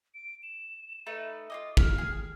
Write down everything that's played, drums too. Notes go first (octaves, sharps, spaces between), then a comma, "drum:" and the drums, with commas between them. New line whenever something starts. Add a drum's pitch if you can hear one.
D7
E7
A3 D#4 B4
F4 G#4 D#5 D6
F5 F6, drum: kick
G#4